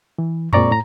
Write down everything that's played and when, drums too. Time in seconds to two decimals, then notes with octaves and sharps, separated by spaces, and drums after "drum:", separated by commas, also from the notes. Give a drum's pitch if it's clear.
0.18 E3
0.53 A#2 G#3 C4 D5 A#5 C#6, drum: tom F2
0.71 A2 A#5